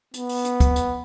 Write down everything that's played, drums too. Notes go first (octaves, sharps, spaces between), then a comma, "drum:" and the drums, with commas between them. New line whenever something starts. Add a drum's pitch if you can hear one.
B3, drum: hi-hat
drum: open hi-hat
drum: hi-hat
drum: kick, hi-hat
drum: hi-hat